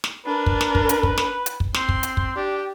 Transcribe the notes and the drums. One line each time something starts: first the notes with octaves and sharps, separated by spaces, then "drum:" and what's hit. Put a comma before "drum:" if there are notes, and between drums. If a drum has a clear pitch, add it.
drum: snare
D4 A#4 B4
drum: kick
drum: snare
drum: kick
drum: hi-hat
drum: kick
drum: snare
drum: hi-hat
drum: kick
C4 C6, drum: snare
drum: kick
drum: hi-hat
drum: kick
D4 G4